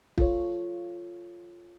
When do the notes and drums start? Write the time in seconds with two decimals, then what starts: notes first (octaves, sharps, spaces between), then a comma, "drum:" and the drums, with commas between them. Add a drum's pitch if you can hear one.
0.18 F4 A4 C#5, drum: kick